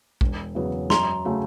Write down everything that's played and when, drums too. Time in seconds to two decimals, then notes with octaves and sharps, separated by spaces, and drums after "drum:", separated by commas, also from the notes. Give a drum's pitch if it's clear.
0.21 E1, drum: kick
0.55 E2 C#3 F#3 B3
0.90 F#2 A#5 C6, drum: snare
1.25 C#3 F#3 A3